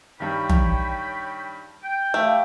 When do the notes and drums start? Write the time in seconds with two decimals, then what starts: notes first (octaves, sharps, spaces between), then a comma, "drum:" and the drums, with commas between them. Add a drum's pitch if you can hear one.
0.20 G2 D#3 C#5 G5 B5
0.49 drum: tom
1.82 G5
2.14 A3 G4 B4 E5 F5